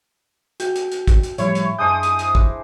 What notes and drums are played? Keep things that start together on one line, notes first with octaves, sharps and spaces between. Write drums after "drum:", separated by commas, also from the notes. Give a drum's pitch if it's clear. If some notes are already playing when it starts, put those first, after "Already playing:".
F#4 G5, drum: hi-hat
drum: hi-hat
drum: hi-hat
drum: kick, hi-hat
drum: hi-hat
A2 F3 G3 E4 C#5, drum: hi-hat
drum: hi-hat
F#2 G#3 D4 C5 D#6 G6
drum: hi-hat
drum: hi-hat
drum: kick